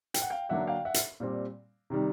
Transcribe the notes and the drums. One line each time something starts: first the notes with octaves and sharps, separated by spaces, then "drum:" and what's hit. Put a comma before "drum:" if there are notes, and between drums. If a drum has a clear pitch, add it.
G5, drum: hi-hat
F#5
F5 G5
D3 F#3 A#3 D4 E5 F#5
F5 G5
E5 F#5
drum: hi-hat
A#2 G3 C4
C3 D#3 G3